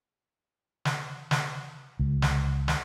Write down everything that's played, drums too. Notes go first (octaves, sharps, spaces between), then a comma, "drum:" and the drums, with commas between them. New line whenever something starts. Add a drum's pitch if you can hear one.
drum: snare
drum: snare
C#2
drum: snare
drum: snare